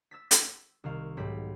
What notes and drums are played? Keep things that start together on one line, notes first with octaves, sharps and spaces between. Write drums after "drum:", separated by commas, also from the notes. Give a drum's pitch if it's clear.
E6 A6 B6
E6, drum: hi-hat
C2 D#3 F5
B1 G#2 G4 B5 B6